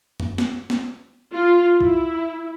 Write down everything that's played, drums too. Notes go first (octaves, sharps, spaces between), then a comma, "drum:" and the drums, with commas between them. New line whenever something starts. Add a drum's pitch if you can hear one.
drum: tom F#2
drum: snare
drum: snare
F4
E4, drum: kick